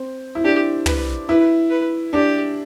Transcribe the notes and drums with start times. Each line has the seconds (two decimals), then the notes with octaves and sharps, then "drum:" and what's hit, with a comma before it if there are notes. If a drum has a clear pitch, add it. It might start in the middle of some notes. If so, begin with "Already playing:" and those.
Already playing: C4
0.35 E4
0.44 D4 G4
0.86 B4, drum: tom
1.29 E4 B4
1.70 B4
2.13 D4 G4